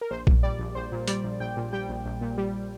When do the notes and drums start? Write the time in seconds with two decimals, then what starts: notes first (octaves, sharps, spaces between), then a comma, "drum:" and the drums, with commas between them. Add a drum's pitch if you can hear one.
0.01 A#4
0.11 A#1 C5
0.27 A#2, drum: kick A#1
0.43 G3 D5
0.59 A#1
0.75 A#1 C5
0.92 A#2
1.07 G3 D5, drum: hi-hat
1.24 A#1
1.40 A#1 G5
1.57 A#2
1.73 G3 G5
1.89 A#1
2.05 A#1
2.21 A#2
2.38 G3